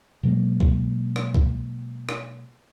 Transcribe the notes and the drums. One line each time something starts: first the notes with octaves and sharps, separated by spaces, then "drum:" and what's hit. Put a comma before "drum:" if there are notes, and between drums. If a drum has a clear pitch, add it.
B2 F#3 G#3 A#3
drum: kick
drum: rim click
drum: kick
drum: rim click